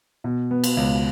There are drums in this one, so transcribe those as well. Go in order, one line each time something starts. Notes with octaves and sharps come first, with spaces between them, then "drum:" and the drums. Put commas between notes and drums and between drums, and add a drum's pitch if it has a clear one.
B2
B3
drum: cymbal
C#2